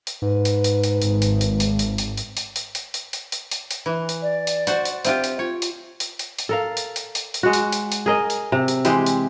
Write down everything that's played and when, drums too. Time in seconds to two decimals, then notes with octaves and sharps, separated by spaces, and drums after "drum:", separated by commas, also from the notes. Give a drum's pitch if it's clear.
0.07 drum: hi-hat
0.22 G#2 B4
0.45 drum: hi-hat
0.64 drum: hi-hat
0.84 drum: hi-hat
1.02 G#1, drum: hi-hat
1.22 drum: hi-hat
1.41 drum: hi-hat
1.60 drum: hi-hat
1.79 drum: hi-hat
1.98 drum: hi-hat
2.17 drum: hi-hat
2.37 drum: hi-hat
2.56 drum: hi-hat
2.75 drum: hi-hat
2.94 drum: hi-hat
3.13 drum: hi-hat
3.32 drum: hi-hat
3.51 drum: hi-hat
3.71 drum: hi-hat
3.86 E3
4.09 drum: hi-hat
4.22 D5
4.47 drum: hi-hat
4.67 F#4 C5, drum: hi-hat
4.85 drum: hi-hat
5.05 C4 F4 G4 E5, drum: hi-hat
5.24 drum: hi-hat
5.39 F4 C#5
5.62 drum: hi-hat
6.00 drum: hi-hat
6.19 drum: hi-hat
6.39 drum: hi-hat
6.49 A4 A#4 F5
6.77 drum: hi-hat
6.96 drum: hi-hat
7.15 drum: hi-hat
7.34 drum: hi-hat
7.43 G#3 F#4
7.53 drum: hi-hat
7.72 drum: hi-hat
7.92 drum: hi-hat
8.06 G#4 A#4 D#5
8.30 drum: hi-hat
8.52 C3
8.68 drum: hi-hat
8.85 E3 G#3 G4 C5, drum: hi-hat
9.06 drum: hi-hat